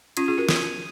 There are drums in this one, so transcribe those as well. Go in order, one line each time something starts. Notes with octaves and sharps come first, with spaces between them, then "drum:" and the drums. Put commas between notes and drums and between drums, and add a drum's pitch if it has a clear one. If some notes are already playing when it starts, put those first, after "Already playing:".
C#4 F4 D#6 G#6 D#7, drum: hi-hat
F4 G#4
F#4 A#4
D#6 G#6 D#7, drum: snare